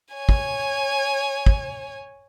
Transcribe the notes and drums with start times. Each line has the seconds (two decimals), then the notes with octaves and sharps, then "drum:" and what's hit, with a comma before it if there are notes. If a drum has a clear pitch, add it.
0.14 C#5 G#5
0.29 drum: kick
1.46 drum: kick